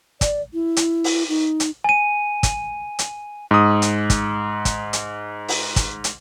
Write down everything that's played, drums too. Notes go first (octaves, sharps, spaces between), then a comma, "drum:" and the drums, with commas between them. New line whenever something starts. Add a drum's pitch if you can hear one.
D5, drum: kick, hi-hat
E4
drum: hi-hat
drum: open hi-hat
D#4
drum: hi-hat
G#5 D#7
drum: kick, hi-hat
drum: hi-hat
G#2 D#6
drum: hi-hat
drum: kick, hi-hat
drum: kick, hi-hat
drum: hi-hat
drum: open hi-hat
drum: kick, hi-hat
drum: hi-hat